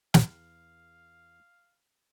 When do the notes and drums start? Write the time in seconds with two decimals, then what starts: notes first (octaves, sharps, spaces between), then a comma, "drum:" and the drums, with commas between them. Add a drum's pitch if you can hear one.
0.14 E2 F5, drum: snare